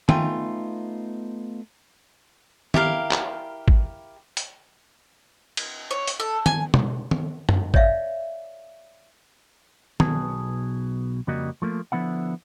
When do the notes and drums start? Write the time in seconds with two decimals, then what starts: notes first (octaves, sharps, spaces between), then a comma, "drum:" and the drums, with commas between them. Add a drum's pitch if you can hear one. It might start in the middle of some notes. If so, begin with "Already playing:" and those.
0.09 A3 B3 D#4 F4 G5 G#5, drum: tom D#3
2.74 E4 G4 A#4 F5, drum: tom D#3
3.11 drum: clap
3.68 drum: kick
4.37 drum: hi-hat
5.57 drum: cymbal
5.91 C#5
6.07 drum: hi-hat
6.20 A4
6.46 G#5, drum: tom D#3
6.74 drum: tom B2
7.11 drum: tom D#3
7.49 drum: tom F#2
7.74 C#5 D5 E5 F5, drum: kick
10.00 B1 B2 G#4 A5, drum: tom D#3
11.27 F2 C#3 G3 A#3 F#4 D#5
11.62 F3 A3 A#3
11.92 D3 F3 B3 E4 F#5